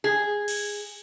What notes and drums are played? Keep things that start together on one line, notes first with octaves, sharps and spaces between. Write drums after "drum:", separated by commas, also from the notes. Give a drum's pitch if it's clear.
G#4
drum: cymbal